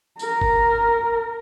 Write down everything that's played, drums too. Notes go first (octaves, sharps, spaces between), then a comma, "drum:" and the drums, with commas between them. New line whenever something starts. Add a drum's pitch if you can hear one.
A#4, drum: tambourine
drum: kick G1